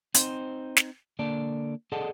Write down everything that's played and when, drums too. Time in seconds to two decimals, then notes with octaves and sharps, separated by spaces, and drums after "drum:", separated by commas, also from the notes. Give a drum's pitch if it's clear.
0.14 C4 D#4 C5, drum: hi-hat
0.76 drum: snare
1.19 D3 A#3 D5 A5
1.92 G#4 A4 D5 D#5 F#5 A5